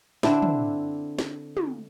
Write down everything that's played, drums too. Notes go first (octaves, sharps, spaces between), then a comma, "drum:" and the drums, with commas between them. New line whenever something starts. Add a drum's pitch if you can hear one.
D3 C4 D4 E4, drum: snare
drum: tom
drum: snare
drum: tom